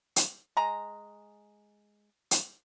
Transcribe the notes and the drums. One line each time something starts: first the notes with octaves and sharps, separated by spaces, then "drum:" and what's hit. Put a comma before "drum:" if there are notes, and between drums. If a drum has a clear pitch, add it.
drum: hi-hat
G#3 A#5
drum: hi-hat